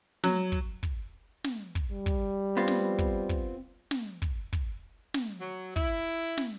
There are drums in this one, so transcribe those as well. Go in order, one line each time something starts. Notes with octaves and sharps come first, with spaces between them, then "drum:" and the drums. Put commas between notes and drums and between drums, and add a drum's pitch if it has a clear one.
F#3, drum: snare
drum: kick
drum: kick
drum: snare
drum: kick
G3
drum: kick
B3 C4 F4
drum: snare
drum: kick
drum: kick
drum: snare
drum: kick
drum: kick
drum: snare
F#3
E4, drum: kick
drum: snare